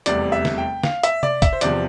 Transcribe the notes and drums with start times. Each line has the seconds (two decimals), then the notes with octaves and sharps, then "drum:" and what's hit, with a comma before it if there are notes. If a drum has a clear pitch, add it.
0.06 F1 E2 C3 G3 D5, drum: hi-hat
0.32 E5
0.45 drum: snare
0.58 G5
0.84 F5, drum: snare
1.03 E5, drum: hi-hat
1.23 D5, drum: tom C3
1.42 E5, drum: kick, hi-hat
1.53 C5
1.61 E2 C3 F3 D5, drum: hi-hat